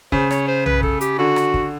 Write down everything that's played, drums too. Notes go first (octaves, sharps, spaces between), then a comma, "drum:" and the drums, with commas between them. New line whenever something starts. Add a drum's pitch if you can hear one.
C#3 C5, drum: kick
C#5, drum: rim click
C5
B4, drum: tom B1
A4, drum: kick
G4, drum: hi-hat
D3 F#4
drum: rim click
drum: kick